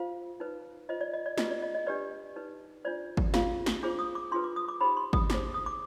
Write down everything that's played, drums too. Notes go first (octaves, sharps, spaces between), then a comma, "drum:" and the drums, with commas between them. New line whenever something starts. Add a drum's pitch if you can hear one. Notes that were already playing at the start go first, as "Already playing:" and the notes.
Already playing: F4 C5 F5
D#4 B4
F4 C5 D#5
D5
D#5
D5
F4 G#4 B4 D#5, drum: snare
D5
D#5
D#5
D4 G4 B4 D5
D#4 B4
D4 F4 C5 D5
drum: kick
F4 G#4 C5 F5, drum: snare
drum: snare
D4 F4 G#4 C5 D6
D#6
D6
D4 F4 G#4 B4 C6
D6
D#6
D6
D#4 G4 C5 B5
C6
D#6, drum: kick
D#4 G#4 C5 D6, drum: snare
D#6
D6